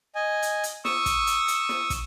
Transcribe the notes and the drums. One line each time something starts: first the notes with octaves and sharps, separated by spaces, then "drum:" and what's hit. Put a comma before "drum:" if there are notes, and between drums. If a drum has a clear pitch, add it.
D#5 G#5
drum: hi-hat
drum: hi-hat
C#6 D#6 E6, drum: snare
drum: kick, hi-hat
drum: hi-hat
drum: hi-hat
drum: snare
drum: kick, hi-hat